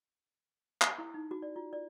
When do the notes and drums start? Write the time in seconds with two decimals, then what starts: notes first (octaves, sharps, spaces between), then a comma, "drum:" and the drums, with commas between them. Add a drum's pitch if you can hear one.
0.82 drum: clap
0.98 E4
1.14 D#4
1.31 F#4
1.42 D5
1.56 F4
1.73 D5